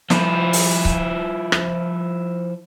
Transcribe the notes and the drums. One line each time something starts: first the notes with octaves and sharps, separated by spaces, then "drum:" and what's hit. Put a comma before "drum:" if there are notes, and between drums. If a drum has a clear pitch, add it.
F3 E4, drum: snare
drum: open hi-hat
drum: kick C#1
drum: rim click